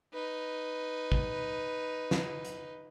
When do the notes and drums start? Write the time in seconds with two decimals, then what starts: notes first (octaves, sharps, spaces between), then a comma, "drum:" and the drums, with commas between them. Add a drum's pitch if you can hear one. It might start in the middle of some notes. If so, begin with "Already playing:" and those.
0.13 D#4 B4
1.12 drum: kick
2.11 drum: snare
2.45 drum: hi-hat